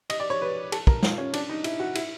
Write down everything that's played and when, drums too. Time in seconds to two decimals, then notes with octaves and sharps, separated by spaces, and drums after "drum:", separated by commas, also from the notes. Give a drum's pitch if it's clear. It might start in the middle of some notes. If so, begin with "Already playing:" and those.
0.10 D#5, drum: cymbal
0.20 D5
0.30 C#5
0.42 B4
0.72 A4, drum: cymbal
0.87 A#4, drum: kick
1.03 F4, drum: snare
1.18 C#4
1.33 D4, drum: cymbal
1.49 D#4
1.64 E4, drum: cymbal
1.79 F#4
1.95 E4, drum: cymbal